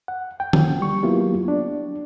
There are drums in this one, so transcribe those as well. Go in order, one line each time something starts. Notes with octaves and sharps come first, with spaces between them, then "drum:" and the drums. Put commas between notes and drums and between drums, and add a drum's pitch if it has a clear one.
F#5
G5
drum: tom
G3 C#6
F#3 A#3 B3 E4 F4 G4
D4